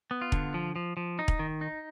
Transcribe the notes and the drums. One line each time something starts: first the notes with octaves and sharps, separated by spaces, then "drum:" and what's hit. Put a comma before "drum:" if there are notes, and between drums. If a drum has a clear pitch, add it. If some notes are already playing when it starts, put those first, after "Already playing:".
B3
F4
D3, drum: kick
F3
F3
F3
D#4
drum: kick
D#3
D#4